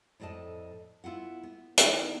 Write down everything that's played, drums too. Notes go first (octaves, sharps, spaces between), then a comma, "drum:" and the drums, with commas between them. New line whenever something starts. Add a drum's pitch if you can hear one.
F2 A2 D5 D#5 A5
B3 E4 F4 F#5
B3
D#3 B3 E4, drum: hi-hat